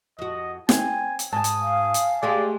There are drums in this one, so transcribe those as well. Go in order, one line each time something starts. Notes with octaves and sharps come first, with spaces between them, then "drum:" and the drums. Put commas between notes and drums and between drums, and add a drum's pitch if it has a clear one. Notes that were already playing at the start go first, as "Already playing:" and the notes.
F2 F#4 D#5
C4 G#5, drum: snare
drum: hi-hat
G#2 G#5 A5 D#6
drum: hi-hat
F5
drum: hi-hat
G#3 A3 G4 G#4 D5